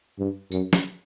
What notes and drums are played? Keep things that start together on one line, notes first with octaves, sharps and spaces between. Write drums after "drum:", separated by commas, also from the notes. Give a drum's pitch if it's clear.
G2
F#2, drum: tambourine
drum: snare